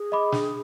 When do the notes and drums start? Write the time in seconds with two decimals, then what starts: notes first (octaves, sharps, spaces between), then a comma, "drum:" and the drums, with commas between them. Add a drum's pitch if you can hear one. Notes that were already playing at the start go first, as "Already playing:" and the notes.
Already playing: G#4
0.12 D#5 B5 D6
0.32 D4, drum: snare